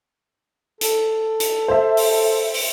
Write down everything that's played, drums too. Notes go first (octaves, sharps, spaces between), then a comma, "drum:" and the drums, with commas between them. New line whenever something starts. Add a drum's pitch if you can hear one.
A4, drum: hi-hat
drum: hi-hat
C5 E5
drum: open hi-hat
drum: open hi-hat